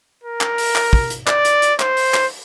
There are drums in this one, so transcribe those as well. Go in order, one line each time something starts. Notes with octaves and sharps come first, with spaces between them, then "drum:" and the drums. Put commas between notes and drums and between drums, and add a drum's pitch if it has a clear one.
A#4
drum: clap
drum: open hi-hat
drum: clap
drum: kick
drum: hi-hat
D5, drum: clap
drum: hi-hat
drum: hi-hat
C5, drum: clap
drum: open hi-hat
drum: clap